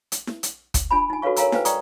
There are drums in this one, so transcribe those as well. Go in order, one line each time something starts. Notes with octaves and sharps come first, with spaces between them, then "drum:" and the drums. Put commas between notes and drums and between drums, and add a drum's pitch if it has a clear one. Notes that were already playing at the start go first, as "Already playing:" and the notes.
drum: hi-hat
drum: snare E4
drum: hi-hat
drum: kick, hi-hat
D4 F4 G#5 B5
D#4 G#5
F#4 A4 B4 C#5 F5 C#6
A#4 C#5 F5 G#5 A#5 E6, drum: hi-hat
B4 C5 F5 G5 G#5, drum: snare E4
D5 G5 A#5 C#6 D#6, drum: hi-hat